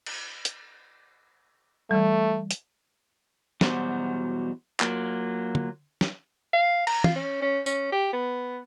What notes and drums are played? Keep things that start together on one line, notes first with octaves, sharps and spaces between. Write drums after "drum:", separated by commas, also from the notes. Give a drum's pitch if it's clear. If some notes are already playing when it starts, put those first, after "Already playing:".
drum: cymbal
drum: hi-hat
E3 G3 A3
drum: hi-hat
E2 B2 F#3 G3 F#4 C5, drum: snare
F#3 A#3 F4, drum: clap
drum: tom
drum: snare
F5
A#5, drum: cymbal
F4, drum: tom
C#4
C#4
C#4, drum: tambourine
G4
B3